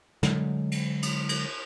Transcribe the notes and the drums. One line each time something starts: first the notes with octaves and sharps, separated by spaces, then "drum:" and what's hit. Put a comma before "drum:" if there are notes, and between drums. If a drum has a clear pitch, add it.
D3 F#3 G#3, drum: snare
drum: cymbal
drum: cymbal
drum: cymbal